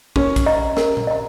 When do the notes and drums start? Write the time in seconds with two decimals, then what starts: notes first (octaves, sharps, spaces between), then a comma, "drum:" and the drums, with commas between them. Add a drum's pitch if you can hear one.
0.16 C#4 A#4, drum: kick
0.36 drum: kick, hi-hat
0.46 D#5 A#5
0.77 A#4, drum: snare
0.97 drum: tom A#2
1.07 D#5 A#5